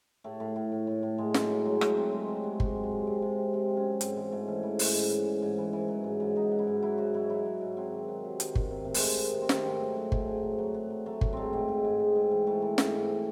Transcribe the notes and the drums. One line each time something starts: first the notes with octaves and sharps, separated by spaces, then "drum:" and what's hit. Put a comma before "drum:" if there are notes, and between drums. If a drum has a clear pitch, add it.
A2 A3
A2
A2
A2
A2
A2
A2 G#3
F#3, drum: snare
F#3
F#3 G#3
F#3 A3, drum: rim click
F#3 C4
F#3 G#3
C3 A3
F#3 G#3
C3 G#3, drum: kick G1
F#3
G#3
C3
C3 C4
C3
C3
C3 C4
F#3
C#4
F#3
G#2 C4, drum: hi-hat
E3 G#3
G#2 A3
E3 C#4
E3
G#2, drum: open hi-hat
G#2
E3
G#2
G#2
E3
E3
F#3
G#2
G#2
F#3 D#4
F#3
E4
G#2
F#3 E4
G#2 F#4
F#3 E4
F#3 E4
F#3
G#2
F#3 C4
D#3
F#3
C3
D#3, drum: hi-hat
C3, drum: kick G1
D#3 C4
C3 A3
G#3, drum: open hi-hat
D#3
D#3 A3
C3
C4
D#3, drum: snare
G#2 A3
F#3
F#3
G#2, drum: kick G1
G#2
F#3
F#3
F#3
F#3
F#3 A3
F#3, drum: kick G1
G#2 A3 C4
G#2 C4
G#2
G#2
G#2
G#2
E3
E3 A3
E3
G#2, drum: snare
G#2